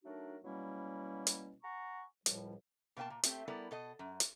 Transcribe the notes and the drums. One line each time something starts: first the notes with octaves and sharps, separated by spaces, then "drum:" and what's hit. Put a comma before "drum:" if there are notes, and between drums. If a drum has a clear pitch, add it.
F#3 A3 D4 D#4 F#4 A#4
B2 F#3 G3 A#3 C#4 E4
drum: hi-hat
F#5 G#5 A#5 C#6
C#2 F#2 A2 F3 G3, drum: hi-hat
B2 A#3 B4 G5 A5
A#2
A3 C4 G4, drum: hi-hat
G3 B3 E4 A4 A#4 D5
B2 A4 D#5
F#2
drum: hi-hat